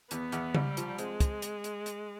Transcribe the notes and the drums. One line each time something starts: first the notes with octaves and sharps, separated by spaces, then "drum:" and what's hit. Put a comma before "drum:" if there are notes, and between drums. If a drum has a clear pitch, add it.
E2 B3, drum: hi-hat
E2, drum: hi-hat
C2 G3, drum: tom C#3
F3, drum: hi-hat
G#3 C4, drum: hi-hat
drum: kick, hi-hat
drum: hi-hat
drum: hi-hat
drum: hi-hat